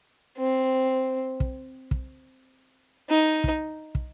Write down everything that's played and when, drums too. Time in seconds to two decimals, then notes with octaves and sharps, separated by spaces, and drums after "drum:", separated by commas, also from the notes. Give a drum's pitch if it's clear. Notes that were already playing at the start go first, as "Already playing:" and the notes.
0.38 C4
1.40 drum: kick
1.91 drum: kick
3.10 D#4
3.44 drum: kick
3.95 drum: kick